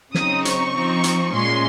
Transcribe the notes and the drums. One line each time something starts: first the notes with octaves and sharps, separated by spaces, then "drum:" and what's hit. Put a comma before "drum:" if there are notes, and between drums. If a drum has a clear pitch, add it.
C#3 F#3 C4 D#4 D#6, drum: snare
C#6, drum: hi-hat
F3 C4 D#4
drum: hi-hat
A#2 G#3 C#4 C6